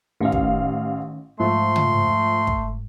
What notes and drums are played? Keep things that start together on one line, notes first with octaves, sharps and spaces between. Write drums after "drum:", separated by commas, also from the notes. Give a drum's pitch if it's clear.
A1 D#3 C#4 F5
drum: kick
G#2 F3 A3 C6
drum: tom
drum: kick